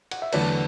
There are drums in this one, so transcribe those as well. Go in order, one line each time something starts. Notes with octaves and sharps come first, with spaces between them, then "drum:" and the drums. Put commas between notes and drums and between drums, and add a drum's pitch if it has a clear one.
F#5, drum: cymbal
E5
E2 D3 F#3 A3 B4 D5, drum: cymbal